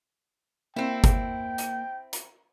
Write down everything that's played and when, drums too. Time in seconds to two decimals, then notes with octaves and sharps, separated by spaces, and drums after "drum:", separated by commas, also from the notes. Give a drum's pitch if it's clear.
0.76 A#3 C4 E4 G5
1.04 drum: kick G1, hi-hat
1.58 drum: hi-hat
2.13 drum: hi-hat